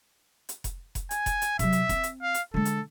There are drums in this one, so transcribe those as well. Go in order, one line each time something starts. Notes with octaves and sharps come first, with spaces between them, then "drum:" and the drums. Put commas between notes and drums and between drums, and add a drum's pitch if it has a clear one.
drum: hi-hat
drum: kick F1, hi-hat
drum: kick F1, hi-hat
G#5, drum: hi-hat
drum: kick F1, hi-hat
drum: hi-hat
C3 F#3 E5, drum: kick F1, hi-hat
drum: hi-hat
C4, drum: kick F1, hi-hat
drum: hi-hat
F5
drum: hi-hat
D3 G#3 A4
drum: hi-hat